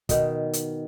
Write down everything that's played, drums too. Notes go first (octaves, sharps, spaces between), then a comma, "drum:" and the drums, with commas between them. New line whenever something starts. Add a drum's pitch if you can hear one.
B2 D#3, drum: kick, hi-hat
drum: hi-hat